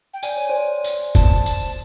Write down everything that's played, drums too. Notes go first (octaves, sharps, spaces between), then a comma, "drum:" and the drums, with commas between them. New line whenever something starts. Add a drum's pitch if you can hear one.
G5
D5 G#5, drum: tambourine
C#5
C5 D5
drum: tambourine
A5, drum: kick, tambourine
drum: tambourine